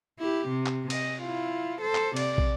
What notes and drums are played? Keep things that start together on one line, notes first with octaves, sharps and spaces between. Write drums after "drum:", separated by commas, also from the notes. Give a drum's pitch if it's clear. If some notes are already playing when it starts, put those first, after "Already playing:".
E4 G4
C3
drum: clap
D#5, drum: cymbal
E4 F4
A4 C5
drum: clap
C3 D5, drum: cymbal
drum: kick